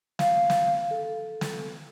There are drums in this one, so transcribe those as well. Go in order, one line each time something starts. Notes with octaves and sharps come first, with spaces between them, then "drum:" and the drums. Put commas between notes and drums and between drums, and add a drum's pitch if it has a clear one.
F5, drum: snare
drum: snare
A4
drum: snare